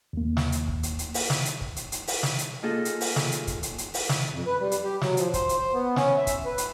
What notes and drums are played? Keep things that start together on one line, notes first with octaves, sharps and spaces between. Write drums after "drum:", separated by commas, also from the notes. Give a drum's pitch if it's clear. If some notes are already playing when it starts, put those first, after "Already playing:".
D#2 A#3
drum: snare
drum: hi-hat
drum: kick
drum: hi-hat
drum: hi-hat
drum: open hi-hat
drum: snare
drum: hi-hat
drum: kick
drum: hi-hat
drum: hi-hat
drum: open hi-hat
drum: snare
drum: hi-hat
A#3 D#4 F4 G#4 A4
drum: hi-hat
drum: open hi-hat
drum: snare
drum: hi-hat
drum: kick, hi-hat
drum: hi-hat
drum: hi-hat
drum: open hi-hat
drum: snare
F2
B4
G3
drum: hi-hat
G4
F#3, drum: snare
F3, drum: hi-hat
C5, drum: kick, hi-hat
drum: hi-hat
C5
B3
C#4, drum: snare
E5
drum: kick, hi-hat
B4
drum: hi-hat